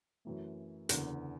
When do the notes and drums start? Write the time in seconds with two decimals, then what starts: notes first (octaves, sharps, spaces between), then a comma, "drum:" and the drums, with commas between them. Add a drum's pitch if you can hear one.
0.25 F#2 E3 A3
0.89 F#1 E2 D3, drum: hi-hat